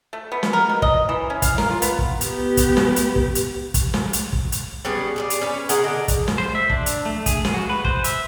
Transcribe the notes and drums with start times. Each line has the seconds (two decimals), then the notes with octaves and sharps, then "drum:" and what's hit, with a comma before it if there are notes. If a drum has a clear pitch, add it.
0.13 A3
0.32 B3
0.43 drum: snare
0.53 A#4
0.69 B2
0.82 D#5, drum: kick
1.09 E3
1.30 C#4
1.42 F5, drum: kick, hi-hat
1.58 A#4, drum: snare
1.70 F4
1.82 B3, drum: hi-hat
1.99 drum: kick
2.21 B3 G4, drum: hi-hat
2.57 drum: kick, hi-hat
2.77 drum: snare
2.96 drum: hi-hat
3.16 drum: kick
3.35 drum: hi-hat
3.74 drum: kick, hi-hat
3.94 drum: snare
4.13 drum: hi-hat
4.33 drum: kick
4.52 drum: hi-hat
4.85 G3 B3 C#4 G#4
5.16 G#4 A#4 D5
5.30 drum: hi-hat
5.42 C#4 B4 C#5
5.69 G#4 A#4 D#5 F#5, drum: hi-hat
5.84 D3 D4 D#5
6.08 drum: kick, hi-hat
6.28 drum: snare
6.38 C5
6.55 E5
6.70 D4, drum: kick
6.86 drum: hi-hat
7.06 A3
7.26 G#4, drum: kick, hi-hat
7.45 drum: snare
7.54 F#4
7.70 B4
7.85 C5, drum: kick
8.04 E5, drum: hi-hat